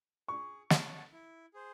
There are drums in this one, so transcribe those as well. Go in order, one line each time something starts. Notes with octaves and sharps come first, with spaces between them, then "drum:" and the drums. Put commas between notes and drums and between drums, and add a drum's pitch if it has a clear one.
G#4 C#6
C#5 F#5 A5, drum: snare
E4
G#4 C5